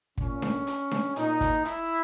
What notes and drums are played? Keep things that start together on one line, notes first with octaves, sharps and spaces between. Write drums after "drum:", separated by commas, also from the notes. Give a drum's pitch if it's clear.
A#2 C#4, drum: kick
drum: snare D4
drum: hi-hat
drum: snare D4
A#2 D#4, drum: hi-hat
drum: kick, hi-hat
E4, drum: hi-hat